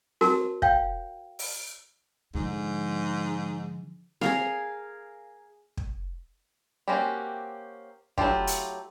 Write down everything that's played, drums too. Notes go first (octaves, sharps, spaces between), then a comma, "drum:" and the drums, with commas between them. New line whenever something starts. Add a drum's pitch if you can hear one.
F#4 A#4 A5, drum: snare C4
C#5 F5 G5, drum: kick
drum: open hi-hat
G#2 D3 F3
G#4 A#4 F5, drum: snare C4
drum: kick
A#3 C4 C#4 F#4 G4
F#3 A3 E4 F4 G4, drum: kick
drum: hi-hat